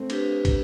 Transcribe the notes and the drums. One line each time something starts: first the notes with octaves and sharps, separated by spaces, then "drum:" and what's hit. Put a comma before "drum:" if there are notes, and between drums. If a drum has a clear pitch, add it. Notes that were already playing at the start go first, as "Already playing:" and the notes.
Already playing: A3 C4
D4 G4 B4, drum: cymbal
drum: kick, cymbal